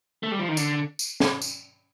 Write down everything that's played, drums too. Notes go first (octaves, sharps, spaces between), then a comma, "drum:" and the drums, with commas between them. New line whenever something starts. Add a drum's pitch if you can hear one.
A3
G3
F3
D#3
D3, drum: tambourine
drum: tambourine
drum: snare
drum: tambourine